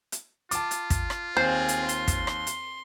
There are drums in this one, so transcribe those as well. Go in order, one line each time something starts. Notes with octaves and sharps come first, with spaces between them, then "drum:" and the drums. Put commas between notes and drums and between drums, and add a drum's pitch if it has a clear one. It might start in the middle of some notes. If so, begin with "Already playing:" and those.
drum: hi-hat
F4 A5 D6, drum: hi-hat
drum: hi-hat
drum: kick, hi-hat
drum: rim click
D#2 C4 G#4 C5
drum: hi-hat
C6, drum: hi-hat
drum: kick, hi-hat
drum: rim click
drum: hi-hat